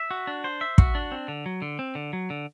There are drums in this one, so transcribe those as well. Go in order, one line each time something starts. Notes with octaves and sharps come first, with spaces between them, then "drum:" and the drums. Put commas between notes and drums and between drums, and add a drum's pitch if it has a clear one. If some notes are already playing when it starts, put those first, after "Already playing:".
Already playing: E5
F#4
D4
C5
E5
F#4, drum: kick
D4
C4
D3
F#3
D3
C4
D3
F#3
D3